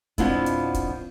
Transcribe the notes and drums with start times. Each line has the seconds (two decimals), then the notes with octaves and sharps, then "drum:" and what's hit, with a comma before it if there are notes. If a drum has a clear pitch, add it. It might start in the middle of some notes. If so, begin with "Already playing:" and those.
0.18 F2 B2 F3 B3 D4 E4, drum: kick, hi-hat
0.46 drum: hi-hat
0.74 drum: kick, hi-hat